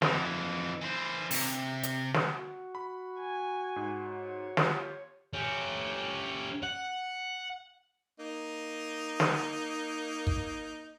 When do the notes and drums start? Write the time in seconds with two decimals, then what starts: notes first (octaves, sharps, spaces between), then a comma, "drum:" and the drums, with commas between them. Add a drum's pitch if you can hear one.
0.02 F2 E3, drum: snare
0.81 E3 C5
1.31 C3, drum: open hi-hat
1.83 drum: hi-hat
2.14 drum: snare
2.33 F#4
2.75 B5
3.20 G#5
3.76 G#2
4.08 C#5
4.57 F4 G4, drum: snare
5.34 C#4 G4
6.63 F#5
8.20 A#3 D#4
9.20 drum: snare
10.27 drum: kick